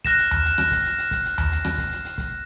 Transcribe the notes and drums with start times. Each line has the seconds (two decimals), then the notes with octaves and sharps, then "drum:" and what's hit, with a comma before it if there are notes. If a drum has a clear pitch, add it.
0.05 F6 F#6 A#6 E7, drum: kick, hi-hat
0.18 drum: hi-hat
0.31 drum: tom D#2
0.45 drum: hi-hat
0.58 drum: rim click
0.71 drum: kick, hi-hat
0.85 drum: hi-hat
0.98 drum: hi-hat
1.11 drum: kick, hi-hat
1.25 drum: hi-hat
1.38 drum: tom D#2
1.51 drum: hi-hat
1.65 drum: rim click
1.78 drum: kick, hi-hat
1.91 drum: hi-hat
2.05 drum: hi-hat
2.18 drum: kick, hi-hat